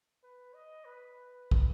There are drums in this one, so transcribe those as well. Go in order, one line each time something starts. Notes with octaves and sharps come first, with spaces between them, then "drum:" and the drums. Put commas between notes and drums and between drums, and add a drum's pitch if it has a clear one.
B4
D#5
B4
drum: kick